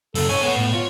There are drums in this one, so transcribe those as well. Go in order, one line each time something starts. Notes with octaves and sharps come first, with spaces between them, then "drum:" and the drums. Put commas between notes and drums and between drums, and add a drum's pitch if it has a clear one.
F#2 C#3 A4, drum: open hi-hat
G#2 C#5 G#5
B3 A4 C#5
A2
F4 C#5